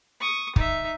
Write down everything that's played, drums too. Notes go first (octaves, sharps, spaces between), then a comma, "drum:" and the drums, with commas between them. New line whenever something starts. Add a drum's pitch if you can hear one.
C#6 D#6
D#4 E5, drum: kick